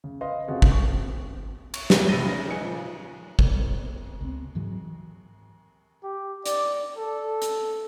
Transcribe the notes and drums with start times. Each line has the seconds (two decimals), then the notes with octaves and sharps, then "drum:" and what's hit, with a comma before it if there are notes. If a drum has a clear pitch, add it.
0.04 C#3
0.21 B4 D#5 F5 C6
0.47 C#3 C4 F4 F#4 G#4 A4
0.62 drum: kick
0.72 C#6
1.74 C#6, drum: cymbal
1.90 F2 G#2 F3 G3, drum: snare
2.09 A2 C3 A6 A#6 D#7 G7
2.25 C#3 A#6
2.47 D#4 B4 G#5 C#7
2.61 A#2 C#3 F3
3.39 drum: kick
4.21 C#2 B3 C4
4.55 G#2 E3 F#3 G#3
6.04 G4
6.46 D5, drum: hi-hat
6.98 A4
7.42 drum: hi-hat